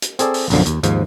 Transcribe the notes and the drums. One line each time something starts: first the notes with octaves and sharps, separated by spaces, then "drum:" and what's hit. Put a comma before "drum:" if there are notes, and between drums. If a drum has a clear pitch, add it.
drum: hi-hat
C4 G#4 A4 D5, drum: hi-hat
drum: open hi-hat
B1 F#2 D3 F3, drum: open hi-hat
D#2, drum: hi-hat
D#2 G#2 F3, drum: hi-hat